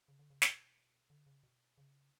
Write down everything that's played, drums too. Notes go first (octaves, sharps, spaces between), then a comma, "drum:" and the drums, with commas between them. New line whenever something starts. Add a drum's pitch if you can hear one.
C#3
D3
C#3
B2, drum: snare
D3
C#3
B2
C#3